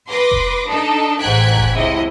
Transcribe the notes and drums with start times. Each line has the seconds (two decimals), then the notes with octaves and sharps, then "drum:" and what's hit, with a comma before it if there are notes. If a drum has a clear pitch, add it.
0.11 B4 C6 D6 A#6
0.31 drum: kick F1
0.67 D4 D#4 A4
1.20 A1 G#2 G5 F#6 G#6 B6
1.57 drum: kick F1
1.72 C#2 C3 E4 D#5